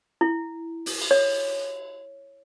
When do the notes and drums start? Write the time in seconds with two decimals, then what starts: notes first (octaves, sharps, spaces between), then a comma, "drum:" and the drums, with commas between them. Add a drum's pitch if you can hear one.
0.21 E4
0.86 drum: open hi-hat
1.02 drum: cymbal
1.11 C#5